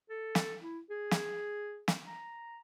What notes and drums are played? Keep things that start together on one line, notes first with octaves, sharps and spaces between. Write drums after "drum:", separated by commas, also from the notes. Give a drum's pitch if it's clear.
A4
drum: snare
E4
G#4
drum: snare
drum: snare
A#5